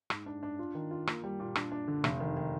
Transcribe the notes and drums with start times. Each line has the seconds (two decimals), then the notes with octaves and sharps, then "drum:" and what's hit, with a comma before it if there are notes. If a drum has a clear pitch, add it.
0.10 G#2, drum: rim click
0.26 D4
0.43 D4
0.59 F4
0.75 D#3
0.91 F4
1.07 A#3, drum: rim click
1.24 G3
1.40 A#2
1.55 D4, drum: rim click
1.72 D4
1.88 D3
2.04 F1, drum: rim click
2.20 D#3
2.37 D#3